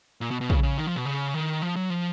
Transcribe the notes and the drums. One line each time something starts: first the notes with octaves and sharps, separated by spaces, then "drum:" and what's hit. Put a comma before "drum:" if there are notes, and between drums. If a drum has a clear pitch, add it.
A#2
B2
B2
C#3, drum: kick
C#3
D#3
F3
B2
C#3
D#3
F3
F#3
F3